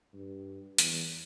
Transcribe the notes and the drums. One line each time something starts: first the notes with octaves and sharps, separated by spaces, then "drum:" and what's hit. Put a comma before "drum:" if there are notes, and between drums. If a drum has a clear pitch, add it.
G2
E2, drum: hi-hat